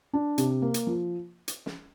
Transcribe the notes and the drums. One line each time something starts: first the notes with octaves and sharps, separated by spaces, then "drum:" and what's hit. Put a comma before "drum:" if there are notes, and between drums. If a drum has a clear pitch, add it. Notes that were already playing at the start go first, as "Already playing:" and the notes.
D4
C3, drum: hi-hat
A#3
drum: hi-hat
F3
drum: hi-hat
drum: snare